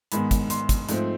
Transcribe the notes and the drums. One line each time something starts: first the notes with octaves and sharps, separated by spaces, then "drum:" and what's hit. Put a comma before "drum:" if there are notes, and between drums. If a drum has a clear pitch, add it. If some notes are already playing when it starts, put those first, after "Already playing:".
G#2 D#3 G#3 B3 B5, drum: hi-hat
drum: kick, hi-hat
C6, drum: hi-hat
drum: kick, hi-hat
G#2 F3 A3 C4, drum: hi-hat